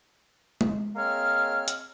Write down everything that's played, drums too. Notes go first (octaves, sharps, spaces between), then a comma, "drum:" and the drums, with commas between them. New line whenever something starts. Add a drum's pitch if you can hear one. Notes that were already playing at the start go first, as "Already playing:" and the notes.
drum: tom G#3
G#3 A#3 C4 C#5 F6
drum: hi-hat